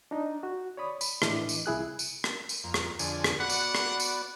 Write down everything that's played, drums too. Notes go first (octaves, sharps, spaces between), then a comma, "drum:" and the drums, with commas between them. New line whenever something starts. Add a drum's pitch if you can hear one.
D4 D#4
F#4
C#5 D5 B5 D#6
B5, drum: tambourine
A2 E3 D4 D#5 D6, drum: rim click
drum: tambourine
C2 E4 G#4 F#6
drum: tambourine
drum: rim click
drum: tambourine
F2 A#3
drum: rim click
F2 D3 G#4, drum: tambourine
drum: rim click
B3 F#4 D5 F#5
drum: tambourine
drum: rim click
drum: tambourine